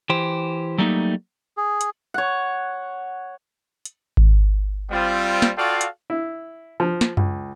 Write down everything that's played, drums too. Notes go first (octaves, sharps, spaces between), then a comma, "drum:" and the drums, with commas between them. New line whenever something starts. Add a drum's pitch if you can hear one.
E3 G4 C5
F#3 G3 A3 A#3 C#4 D#4
G#4
drum: hi-hat
C#5 F#5
drum: hi-hat
drum: kick G#1
G3 C4 F4
drum: snare
F4 F#4 A4 D5 F5 G5
drum: hi-hat
E4
F3
drum: snare
C#2, drum: tom F#2